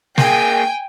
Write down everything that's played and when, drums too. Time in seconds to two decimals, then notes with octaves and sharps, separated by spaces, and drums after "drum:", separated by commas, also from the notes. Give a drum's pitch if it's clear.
0.18 A#3 G#4 G5 G#5, drum: snare